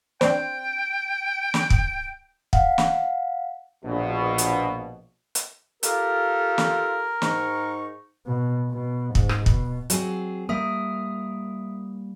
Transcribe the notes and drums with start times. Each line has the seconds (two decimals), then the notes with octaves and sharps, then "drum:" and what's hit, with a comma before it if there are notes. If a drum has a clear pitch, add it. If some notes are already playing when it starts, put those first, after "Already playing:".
0.21 C4 D4 C5 G5, drum: snare
1.54 drum: snare
1.70 drum: kick
2.53 F5 F#5, drum: kick
2.78 drum: snare
3.84 A#1 B2
4.38 drum: hi-hat
5.35 drum: hi-hat
5.83 F4 G4 A4 A#4, drum: hi-hat
6.58 drum: snare
7.22 G#2 D#4 C#6, drum: snare
8.26 B2
8.70 B2
9.15 G#2, drum: kick
9.29 drum: rim click
9.46 B2, drum: kick
9.90 F#3 C4 G#4, drum: hi-hat
10.49 G3 A#3 A#4 E5 D#6